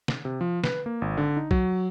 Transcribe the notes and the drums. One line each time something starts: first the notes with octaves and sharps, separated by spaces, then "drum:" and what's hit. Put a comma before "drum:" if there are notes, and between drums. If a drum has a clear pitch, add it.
drum: snare
C3
F3
B4, drum: snare
A#3
G#1
D3
D#4
F#3, drum: kick